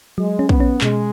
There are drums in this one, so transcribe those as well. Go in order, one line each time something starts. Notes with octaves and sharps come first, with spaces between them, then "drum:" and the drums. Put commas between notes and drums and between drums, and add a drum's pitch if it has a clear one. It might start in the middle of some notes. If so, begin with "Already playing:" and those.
F#3 G#3
C#4
B3, drum: kick
C#4
B2 G#3, drum: clap